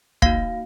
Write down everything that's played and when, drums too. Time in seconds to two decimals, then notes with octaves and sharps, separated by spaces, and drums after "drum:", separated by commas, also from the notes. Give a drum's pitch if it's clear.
0.22 A#3 D#4 F#4 F5, drum: kick